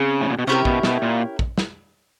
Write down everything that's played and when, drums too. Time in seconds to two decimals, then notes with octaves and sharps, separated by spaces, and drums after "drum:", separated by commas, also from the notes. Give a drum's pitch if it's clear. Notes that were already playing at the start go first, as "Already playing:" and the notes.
Already playing: C#3 C4 G#4
0.21 A2
0.30 A#2
0.38 B2
0.47 C3 C#4 E4 G4 A#4
0.65 B2, drum: kick
0.83 B2, drum: snare
1.02 A#2
1.39 drum: kick
1.58 drum: snare